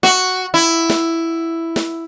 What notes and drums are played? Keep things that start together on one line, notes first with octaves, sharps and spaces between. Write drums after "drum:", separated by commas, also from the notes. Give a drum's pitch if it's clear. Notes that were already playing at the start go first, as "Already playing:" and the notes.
F#4, drum: snare
E4
drum: snare
drum: snare